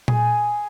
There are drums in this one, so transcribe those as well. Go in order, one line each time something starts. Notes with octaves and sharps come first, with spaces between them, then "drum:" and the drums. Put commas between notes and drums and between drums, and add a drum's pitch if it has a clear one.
G#4, drum: tom A#2